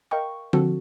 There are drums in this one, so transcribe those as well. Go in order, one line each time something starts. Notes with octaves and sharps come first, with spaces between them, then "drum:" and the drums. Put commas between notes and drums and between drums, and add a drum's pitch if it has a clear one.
A#4 D#5 F5 G5 C#6
D3 C4 F#4 A4, drum: tom F3